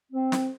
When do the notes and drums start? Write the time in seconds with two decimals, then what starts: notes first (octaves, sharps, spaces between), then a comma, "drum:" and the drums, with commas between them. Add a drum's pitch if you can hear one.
0.12 C4
0.32 drum: snare